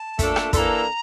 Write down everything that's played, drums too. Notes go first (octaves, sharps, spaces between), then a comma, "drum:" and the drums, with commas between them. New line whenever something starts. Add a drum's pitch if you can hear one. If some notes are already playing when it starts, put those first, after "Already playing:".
Already playing: A5
A#2 A3 D4 A4 E5, drum: kick, hi-hat
drum: rim click
E3 A#3 D4 A4 A#5 C6, drum: kick, hi-hat